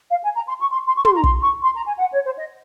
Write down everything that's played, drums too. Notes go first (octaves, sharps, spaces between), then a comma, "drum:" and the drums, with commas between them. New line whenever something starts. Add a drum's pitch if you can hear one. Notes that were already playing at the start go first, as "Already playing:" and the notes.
F5
G#5
A#5
C6
C#6
C6
C6
C#6
C6, drum: tom
A#5
C6, drum: kick
C#6
C6
A#5
G#5
F#5
C#5
C5
D#5